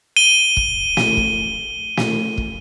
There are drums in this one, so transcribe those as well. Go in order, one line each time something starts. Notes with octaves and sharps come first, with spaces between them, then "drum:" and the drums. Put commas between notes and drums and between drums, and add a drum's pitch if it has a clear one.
D#7 G7
drum: kick
drum: snare
drum: kick
drum: snare
drum: kick